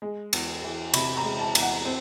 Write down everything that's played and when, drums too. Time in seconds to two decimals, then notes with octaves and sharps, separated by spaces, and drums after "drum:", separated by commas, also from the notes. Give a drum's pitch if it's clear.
0.02 G#3
0.33 E2, drum: cymbal
0.63 E3
0.94 C3 B5, drum: cymbal
1.17 A#5
1.24 G#3
1.39 A5
1.55 E2, drum: cymbal
1.62 F#5
1.85 C4